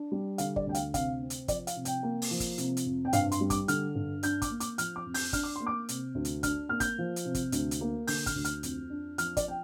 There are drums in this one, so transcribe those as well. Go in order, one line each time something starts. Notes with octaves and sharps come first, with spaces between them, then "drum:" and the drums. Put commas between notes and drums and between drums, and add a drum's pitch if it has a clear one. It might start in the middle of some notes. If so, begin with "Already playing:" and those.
Already playing: D4
G3
D3 F5, drum: hi-hat
D5, drum: kick
D2 G5
F5, drum: hi-hat
C3 F5, drum: kick, hi-hat
C4
drum: hi-hat
F3 D5, drum: kick, hi-hat
F5, drum: hi-hat
C3
G5, drum: hi-hat
A#3
drum: open hi-hat
F3
drum: kick, hi-hat
C3, drum: hi-hat
drum: hi-hat
F2
G5
G2 F5, drum: hi-hat
C6, drum: hi-hat
G3
D6, drum: kick, hi-hat
D3 F6, drum: hi-hat
G2
D4 G6, drum: hi-hat
D6, drum: kick, hi-hat
A#3
D6, drum: hi-hat
F3 F6, drum: hi-hat
D6
F2
G6, drum: open hi-hat
D4 F6, drum: kick, hi-hat
D6
A#3 C6
D6
C3, drum: hi-hat
D2
drum: hi-hat
D4 F6, drum: kick, hi-hat
A#3 F6
G6, drum: kick, hi-hat
F3
drum: hi-hat
C3
drum: kick, hi-hat
D2, drum: hi-hat
drum: hi-hat
A#3
D3 G6, drum: open hi-hat
F6, drum: kick, hi-hat
D2
F6, drum: hi-hat
F2, drum: hi-hat
D4
F3 F6, drum: hi-hat
D5, drum: kick, hi-hat
G5